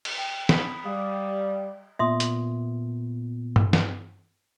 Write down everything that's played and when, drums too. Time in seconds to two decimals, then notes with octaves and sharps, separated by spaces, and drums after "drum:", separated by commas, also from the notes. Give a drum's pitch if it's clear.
0.05 drum: cymbal
0.18 G5
0.49 B5 D#6 B6, drum: snare
0.85 G3 F5 D#6
1.99 A#2 B3 E5 C6 D#6
2.20 drum: hi-hat
3.56 drum: tom G2
3.73 drum: snare